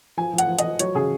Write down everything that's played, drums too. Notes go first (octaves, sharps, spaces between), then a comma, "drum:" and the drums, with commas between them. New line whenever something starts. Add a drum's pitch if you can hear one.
F3 G#5
F3
F#5, drum: hi-hat
F3
D#5, drum: hi-hat
F3
F#3 C#5, drum: hi-hat
C#3 G#4